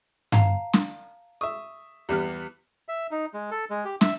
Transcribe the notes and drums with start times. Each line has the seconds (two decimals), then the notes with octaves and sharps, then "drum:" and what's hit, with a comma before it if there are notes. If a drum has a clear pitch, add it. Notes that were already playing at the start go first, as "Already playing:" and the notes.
0.32 F5 A5 A#5, drum: tom G2
0.73 drum: snare
1.41 E5 C#6 D#6
2.09 E2 G3 B3 G4 F6
2.88 E5
3.11 D#4
3.34 G#3
3.51 A4
3.70 G#3
3.85 G4
4.01 E5, drum: snare